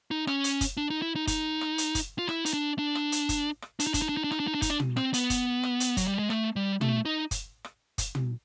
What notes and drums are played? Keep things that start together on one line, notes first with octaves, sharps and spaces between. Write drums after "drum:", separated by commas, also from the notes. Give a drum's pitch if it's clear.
D#4
C#4, drum: rim click
drum: hi-hat
drum: kick F#1, hi-hat
D4
D#4
E4
D#4
D#4, drum: kick F#1, hi-hat
drum: rim click
drum: hi-hat
drum: kick F#1, hi-hat
F4
E4, drum: rim click
D#4, drum: hi-hat
D4
D4
drum: rim click
drum: hi-hat
drum: kick F#1, hi-hat
drum: rim click
D4, drum: hi-hat
D#4
D4, drum: kick F#1, hi-hat
D#4
D4
D#4
D4
D#4, drum: rim click
D4
D#4
D4
D#4, drum: kick F#1, hi-hat
D4
drum: tom
C4, drum: rim click
B3, drum: hi-hat
drum: kick F#1, hi-hat
drum: rim click
drum: hi-hat
F#3, drum: kick F#1, hi-hat
G3
G#3
A3, drum: rim click
G3
A3, drum: tom
D#4
drum: kick F#1, hi-hat
drum: rim click
drum: kick F#1, hi-hat
drum: tom